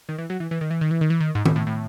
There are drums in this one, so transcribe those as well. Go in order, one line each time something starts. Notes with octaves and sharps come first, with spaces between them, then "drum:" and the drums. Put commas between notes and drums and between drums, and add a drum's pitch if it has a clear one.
D#3
E3
F#3
E3
E3
D#3
E3
D#3
E3
D#3
E3
D#3
G#2
A2, drum: tom D#3
A2
A2